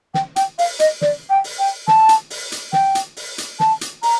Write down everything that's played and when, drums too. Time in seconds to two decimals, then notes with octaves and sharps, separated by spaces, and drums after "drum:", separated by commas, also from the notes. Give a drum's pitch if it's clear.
0.14 G5, drum: snare
0.36 G5, drum: hi-hat
0.59 F5, drum: open hi-hat
0.80 D#5, drum: hi-hat
1.01 D5, drum: snare
1.30 G5
1.44 drum: open hi-hat
1.59 G5
1.88 A5, drum: snare
2.09 drum: hi-hat
2.30 drum: open hi-hat
2.52 drum: hi-hat
2.73 G5, drum: snare
2.95 drum: hi-hat
3.17 drum: open hi-hat
3.38 drum: hi-hat
3.60 A5, drum: snare
3.81 drum: hi-hat
4.03 A#5, drum: open hi-hat